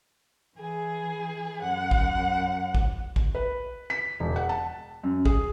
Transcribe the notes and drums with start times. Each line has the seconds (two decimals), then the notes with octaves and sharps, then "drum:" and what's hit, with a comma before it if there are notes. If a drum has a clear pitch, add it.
0.57 E3 G#4
1.62 F#2 F#5
1.91 drum: kick A1
2.75 drum: kick A1
3.16 drum: kick A1
3.35 B4
3.90 B6
4.20 E1
4.36 F#5
4.49 A5
5.04 F#2
5.25 G#4, drum: kick A1